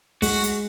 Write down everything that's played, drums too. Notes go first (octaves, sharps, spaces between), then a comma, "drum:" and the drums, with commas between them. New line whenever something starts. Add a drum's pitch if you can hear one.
G#3 F#4, drum: kick, open hi-hat
drum: hi-hat